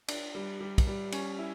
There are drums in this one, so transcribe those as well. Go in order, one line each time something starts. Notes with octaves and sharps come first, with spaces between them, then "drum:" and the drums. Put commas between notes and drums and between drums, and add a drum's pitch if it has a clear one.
D4, drum: cymbal
G3
G3
drum: kick, cymbal
G3
C#4, drum: cymbal
E4